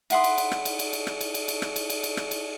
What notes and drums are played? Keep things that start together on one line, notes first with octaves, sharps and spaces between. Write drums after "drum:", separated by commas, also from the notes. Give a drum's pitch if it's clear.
E4 F#5 C6 D#6, drum: cymbal
drum: cymbal
drum: cymbal
drum: rim click
drum: cymbal
drum: cymbal
drum: cymbal
drum: rim click
drum: cymbal
drum: cymbal
drum: cymbal
drum: rim click
drum: cymbal
drum: cymbal
drum: cymbal
drum: rim click
drum: cymbal